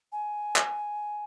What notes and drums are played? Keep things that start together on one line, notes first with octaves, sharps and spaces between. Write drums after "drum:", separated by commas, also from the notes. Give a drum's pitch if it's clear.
G#5
drum: clap